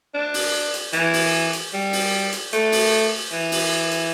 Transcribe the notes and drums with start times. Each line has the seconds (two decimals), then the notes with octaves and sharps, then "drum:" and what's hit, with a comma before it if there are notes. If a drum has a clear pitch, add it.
0.14 D4
0.34 drum: open hi-hat
0.74 drum: hi-hat
0.93 E3, drum: hi-hat
1.13 drum: open hi-hat
1.53 drum: hi-hat
1.73 G3
1.93 drum: open hi-hat
2.33 drum: hi-hat
2.53 A3, drum: hi-hat
2.72 drum: open hi-hat
3.32 E3
3.52 drum: open hi-hat
3.91 drum: hi-hat